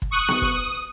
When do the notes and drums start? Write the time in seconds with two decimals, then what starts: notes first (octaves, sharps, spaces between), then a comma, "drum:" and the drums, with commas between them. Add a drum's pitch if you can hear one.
0.02 drum: kick
0.11 C#6 D#6 F#6
0.28 drum: snare B3
0.42 drum: kick
0.55 D#6